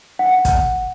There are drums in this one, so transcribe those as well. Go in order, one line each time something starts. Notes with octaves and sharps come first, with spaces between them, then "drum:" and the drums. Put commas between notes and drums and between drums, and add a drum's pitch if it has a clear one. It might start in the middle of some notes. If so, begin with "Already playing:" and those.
F#5
drum: kick, hi-hat